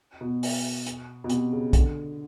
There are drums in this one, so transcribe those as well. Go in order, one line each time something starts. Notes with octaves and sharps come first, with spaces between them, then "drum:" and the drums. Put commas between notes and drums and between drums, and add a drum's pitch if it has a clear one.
B2
drum: open hi-hat
drum: hi-hat
B2
C3, drum: hi-hat
C#3
D3, drum: kick, hi-hat